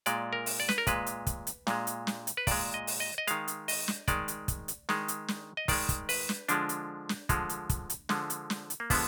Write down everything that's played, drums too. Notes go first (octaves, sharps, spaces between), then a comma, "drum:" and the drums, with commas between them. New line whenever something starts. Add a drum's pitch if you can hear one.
A#2 G#3 D5, drum: hi-hat
A#4
drum: open hi-hat
D5
B4, drum: snare
A#4
A#2 G#3 B4, drum: kick, hi-hat
drum: hi-hat
drum: kick, hi-hat
drum: hi-hat
A#2 G#3, drum: snare
drum: hi-hat
drum: snare
drum: hi-hat
B4
A#2 G#3 D5, drum: kick, open hi-hat
D#5
drum: open hi-hat
D#5
D#5
D#3 G#3 F5, drum: hi-hat
drum: hi-hat
D#5, drum: open hi-hat
drum: snare
D#3 G#3 D5, drum: kick, hi-hat
drum: hi-hat
drum: kick, hi-hat
drum: hi-hat
D#3 G#3, drum: snare
drum: hi-hat
drum: snare
D#5
D#3 G#3 D5, drum: kick, open hi-hat
drum: kick, hi-hat
B4, drum: open hi-hat
drum: snare
D3 F3 G#3 D4, drum: hi-hat
drum: hi-hat
drum: snare
D3 F3 G#3, drum: kick, hi-hat
drum: hi-hat
drum: kick, hi-hat
drum: hi-hat
D3 F3 G#3, drum: snare
drum: hi-hat
drum: snare
drum: hi-hat
A#3
D3 F3 G#3 B3, drum: kick, open hi-hat